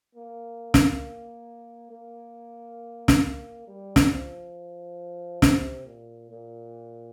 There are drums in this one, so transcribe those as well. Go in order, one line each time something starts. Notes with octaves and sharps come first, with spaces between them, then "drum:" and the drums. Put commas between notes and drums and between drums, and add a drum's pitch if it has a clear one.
A#3
drum: snare
A#3
drum: snare
G3
drum: snare
F3
C3, drum: snare
A#2
A#2